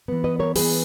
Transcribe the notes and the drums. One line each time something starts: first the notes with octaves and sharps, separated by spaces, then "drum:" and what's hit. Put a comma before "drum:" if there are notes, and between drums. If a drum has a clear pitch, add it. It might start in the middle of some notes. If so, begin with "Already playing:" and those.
E3 B3
B4 D#5
A#4 C#5
E3 B3 G#4 B4, drum: open hi-hat